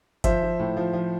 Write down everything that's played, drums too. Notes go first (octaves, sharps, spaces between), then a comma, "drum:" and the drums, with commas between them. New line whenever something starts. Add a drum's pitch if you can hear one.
F3 C5 E5, drum: kick G1, hi-hat
F3
A2
F3
F3